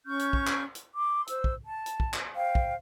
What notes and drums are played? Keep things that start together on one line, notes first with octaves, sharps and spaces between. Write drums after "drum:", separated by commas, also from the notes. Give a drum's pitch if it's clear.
C#4 C#6 F6 G6
drum: hi-hat
drum: kick
drum: clap
drum: hi-hat
C6 D6
C5 E6, drum: hi-hat
drum: kick
A5
drum: hi-hat
drum: kick
drum: clap
C5 F5 G5
drum: kick